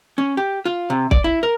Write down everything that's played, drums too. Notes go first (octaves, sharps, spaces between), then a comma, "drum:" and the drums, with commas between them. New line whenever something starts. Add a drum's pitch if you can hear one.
C#4
G4
F4
C3
D5, drum: kick
E4
A#4